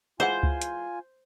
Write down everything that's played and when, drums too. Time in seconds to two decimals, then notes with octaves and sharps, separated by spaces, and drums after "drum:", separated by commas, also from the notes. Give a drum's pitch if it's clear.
0.20 E3 G#3 F4 C5 F#5 G#5
0.43 drum: kick C#2
0.61 drum: hi-hat